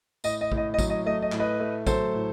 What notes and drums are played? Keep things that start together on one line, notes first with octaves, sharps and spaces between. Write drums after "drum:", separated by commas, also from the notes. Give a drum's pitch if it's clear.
A2 D#5, drum: tambourine
D#5
A2, drum: kick A1
D#5
D#5
F#3, drum: kick A1, tambourine
D#5
A3 D#5
D#5
A2, drum: clap
B4 D#5
A3
F#3 A4 C5, drum: kick A1, tambourine
A2